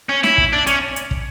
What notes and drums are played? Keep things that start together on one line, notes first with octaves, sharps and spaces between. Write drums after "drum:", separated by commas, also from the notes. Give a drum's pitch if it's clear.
C#4
E4, drum: snare
drum: kick
D4
C#4, drum: hi-hat
drum: hi-hat
drum: kick